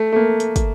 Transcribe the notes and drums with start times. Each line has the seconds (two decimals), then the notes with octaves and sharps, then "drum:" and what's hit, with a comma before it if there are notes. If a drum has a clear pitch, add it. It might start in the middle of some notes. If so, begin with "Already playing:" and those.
Already playing: A3
0.13 A3
0.16 A#3
0.40 drum: hi-hat
0.56 drum: kick, hi-hat